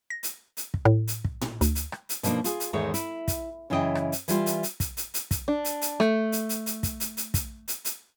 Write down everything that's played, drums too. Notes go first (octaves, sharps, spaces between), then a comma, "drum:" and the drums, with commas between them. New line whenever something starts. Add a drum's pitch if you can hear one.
A#6
drum: hi-hat
drum: hi-hat
drum: kick
A2
drum: hi-hat
drum: kick
drum: tom A2
D2, drum: hi-hat
drum: hi-hat
drum: rim click
drum: hi-hat
B2 F3 A#3 D4 D#4, drum: hi-hat
F4 G#4, drum: hi-hat
drum: hi-hat
E2 G#2 D#3 G#3 A3 C#5
E4, drum: hi-hat
drum: kick, hi-hat
F#2 C#3 E3 E4 D#5 G5
drum: rim click
drum: hi-hat
E3 G3 F4, drum: hi-hat
drum: hi-hat
drum: hi-hat
drum: kick, hi-hat
drum: hi-hat
drum: hi-hat
drum: kick, hi-hat
D4
drum: hi-hat
drum: hi-hat
A3, drum: rim click
drum: hi-hat
drum: hi-hat
drum: hi-hat
drum: kick, hi-hat
drum: hi-hat
drum: hi-hat
drum: kick, hi-hat
drum: hi-hat
drum: hi-hat